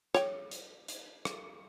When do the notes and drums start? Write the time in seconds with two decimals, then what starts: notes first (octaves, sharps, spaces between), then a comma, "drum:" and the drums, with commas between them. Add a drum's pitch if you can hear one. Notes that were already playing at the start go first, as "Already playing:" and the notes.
0.14 C#5 G5, drum: rim click
0.51 drum: hi-hat
0.88 drum: hi-hat
1.25 drum: rim click